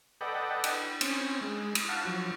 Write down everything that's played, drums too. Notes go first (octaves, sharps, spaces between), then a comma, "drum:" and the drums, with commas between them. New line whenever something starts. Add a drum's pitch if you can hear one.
A4 B4 D5 D#5 F#5 G5
drum: cymbal
C4 C#4, drum: cymbal
G#3
drum: cymbal
F5 F#5 A5
F3 F#3